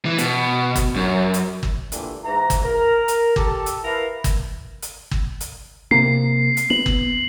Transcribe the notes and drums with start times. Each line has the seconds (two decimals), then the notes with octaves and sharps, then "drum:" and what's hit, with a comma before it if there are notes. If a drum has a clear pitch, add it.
0.05 E3
0.18 B2, drum: hi-hat
0.76 drum: kick G1, hi-hat
0.96 F#2
1.34 drum: hi-hat
1.63 drum: kick G1
1.92 A#2 D3 E3 G3 A3, drum: hi-hat
2.23 G#2 E3 A#5
2.50 drum: kick G1, hi-hat
2.64 A#4
3.08 drum: hi-hat
3.36 G4 A4, drum: kick G1
3.66 drum: hi-hat
3.84 E4 A#4 B4 F5
4.24 drum: kick G1, hi-hat
4.82 drum: hi-hat
5.11 drum: kick G1
5.40 drum: hi-hat
5.91 C3 A#3 C7
6.57 drum: hi-hat
6.70 B3 F#7
6.86 drum: kick G1